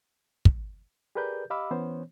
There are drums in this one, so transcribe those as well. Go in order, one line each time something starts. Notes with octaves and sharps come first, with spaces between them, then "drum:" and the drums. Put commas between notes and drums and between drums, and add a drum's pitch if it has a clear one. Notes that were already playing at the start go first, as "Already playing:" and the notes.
drum: kick
G4 G#4 A#4 B4 D5 G6
G4 D#5 F5 B5 D6 E6
E3 B3 C#4 C5 C#5